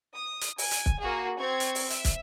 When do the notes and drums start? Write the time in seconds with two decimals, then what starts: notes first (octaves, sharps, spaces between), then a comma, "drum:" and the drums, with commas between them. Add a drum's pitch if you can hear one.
0.14 D#6
0.41 drum: hi-hat
0.58 G#5, drum: open hi-hat
0.71 drum: hi-hat
0.86 drum: kick
1.01 A#3 F#4 G#4
1.39 C4 C#6 G#6
1.60 drum: hi-hat
1.75 drum: open hi-hat
1.90 E5, drum: hi-hat
2.05 drum: kick, hi-hat